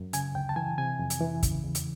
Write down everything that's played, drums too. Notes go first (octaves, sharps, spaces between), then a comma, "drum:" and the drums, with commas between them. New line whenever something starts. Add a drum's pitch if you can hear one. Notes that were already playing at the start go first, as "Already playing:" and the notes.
Already playing: F#2
C#3 G#5, drum: hi-hat
D2 G5
A5
E3 G#5
C3 G#5
F2
drum: hi-hat
E3
C#3, drum: kick, hi-hat
E2
drum: hi-hat